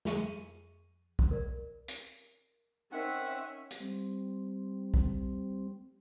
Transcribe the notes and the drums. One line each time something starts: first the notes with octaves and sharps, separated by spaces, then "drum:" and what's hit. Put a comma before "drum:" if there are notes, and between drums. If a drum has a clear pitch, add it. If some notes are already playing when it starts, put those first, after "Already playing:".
F2 F3 G#4 C#6 D#7, drum: snare
drum: kick
A#4 D5
drum: hi-hat
C4 C#4 D#4 A#4 D#5 E5 F#5
drum: hi-hat
G3 C4
drum: kick